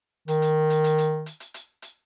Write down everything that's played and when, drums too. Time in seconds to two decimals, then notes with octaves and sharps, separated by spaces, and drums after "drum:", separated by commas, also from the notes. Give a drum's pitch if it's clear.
0.28 D#3, drum: hi-hat
0.42 drum: hi-hat
0.70 drum: hi-hat
0.84 drum: hi-hat
0.98 drum: hi-hat
1.26 drum: hi-hat
1.40 drum: hi-hat
1.54 drum: hi-hat
1.82 drum: hi-hat